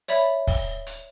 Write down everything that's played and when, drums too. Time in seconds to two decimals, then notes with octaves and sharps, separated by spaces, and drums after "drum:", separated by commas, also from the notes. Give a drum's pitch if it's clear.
0.08 C#5 D5 E5 B5, drum: hi-hat
0.47 drum: kick, open hi-hat
0.86 drum: hi-hat